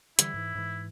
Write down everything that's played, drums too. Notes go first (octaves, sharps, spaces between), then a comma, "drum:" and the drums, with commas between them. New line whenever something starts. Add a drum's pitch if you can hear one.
D3 E3 G3 E4, drum: hi-hat
G#2 E3
G#2 E3